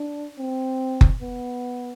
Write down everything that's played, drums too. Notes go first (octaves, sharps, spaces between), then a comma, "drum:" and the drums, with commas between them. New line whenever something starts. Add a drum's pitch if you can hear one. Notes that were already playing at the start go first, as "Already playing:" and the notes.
Already playing: D4
C4
drum: kick F#1
B3